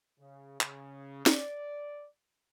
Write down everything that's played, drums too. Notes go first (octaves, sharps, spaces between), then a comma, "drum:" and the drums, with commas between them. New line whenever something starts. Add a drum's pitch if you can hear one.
C#3
C#3, drum: clap
D5, drum: snare